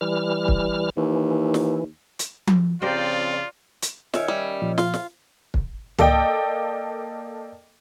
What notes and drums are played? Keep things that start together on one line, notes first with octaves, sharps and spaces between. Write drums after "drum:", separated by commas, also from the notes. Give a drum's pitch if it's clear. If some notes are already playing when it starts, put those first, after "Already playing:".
E3 G3 F6
drum: kick
D#2 E3
drum: snare
drum: hi-hat
drum: tom F3
C#3 F3 C4 F4 G4 A#4 C5 D5
drum: hi-hat
D#3 C#4 E5, drum: snare
G3
A#2 F3
F4, drum: snare
drum: snare
drum: kick
A#3 A4 D5 D#5 G5, drum: tom